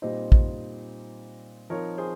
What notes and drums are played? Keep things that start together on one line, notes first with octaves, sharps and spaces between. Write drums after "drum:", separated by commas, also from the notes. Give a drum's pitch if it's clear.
A#2 G3 C4 D#4 C5 D#5
drum: kick
F3 C4 D#4 A#4 C#5
G#4 C5